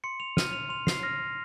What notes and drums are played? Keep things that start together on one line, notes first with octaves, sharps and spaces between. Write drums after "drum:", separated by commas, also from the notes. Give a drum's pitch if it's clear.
C6 C#7
F7
F6 D#7, drum: snare
F7
C6 F7
C7, drum: snare
F6 A#6